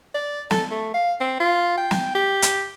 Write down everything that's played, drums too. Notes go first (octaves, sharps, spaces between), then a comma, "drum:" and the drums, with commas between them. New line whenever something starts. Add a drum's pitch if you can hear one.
D5
A4, drum: snare
A3
F5
C4
F4
G5
drum: snare
G4
drum: hi-hat